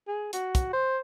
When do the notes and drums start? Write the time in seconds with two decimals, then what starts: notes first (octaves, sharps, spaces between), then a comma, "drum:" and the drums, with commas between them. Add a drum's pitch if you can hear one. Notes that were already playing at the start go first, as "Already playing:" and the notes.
0.07 G#4
0.33 F#4, drum: hi-hat
0.55 drum: kick, hi-hat
0.73 C5